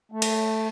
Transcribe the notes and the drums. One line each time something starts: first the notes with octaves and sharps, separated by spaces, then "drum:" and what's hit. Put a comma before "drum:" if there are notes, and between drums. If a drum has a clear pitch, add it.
A3
drum: cymbal